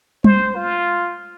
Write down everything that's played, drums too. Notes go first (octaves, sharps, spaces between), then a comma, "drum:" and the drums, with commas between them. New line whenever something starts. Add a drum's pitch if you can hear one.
C5, drum: tom G3
F4